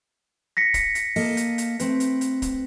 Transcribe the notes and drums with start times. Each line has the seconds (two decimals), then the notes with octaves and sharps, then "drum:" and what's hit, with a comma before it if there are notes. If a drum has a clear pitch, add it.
0.57 A#6 B6 C#7
0.74 drum: kick, hi-hat
0.95 drum: hi-hat
1.16 A#3 A4 D#5, drum: open hi-hat
1.37 drum: hi-hat
1.58 drum: hi-hat
1.80 A3 C4 B4, drum: hi-hat
2.00 drum: hi-hat
2.21 drum: hi-hat
2.42 drum: kick, hi-hat